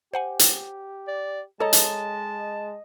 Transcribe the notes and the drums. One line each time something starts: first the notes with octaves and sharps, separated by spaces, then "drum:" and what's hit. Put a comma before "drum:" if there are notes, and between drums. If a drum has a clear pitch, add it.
G4 C5 F#5 G#5
drum: hi-hat
D5
G#3 A4 C#5 D#5 A5 A#5
drum: hi-hat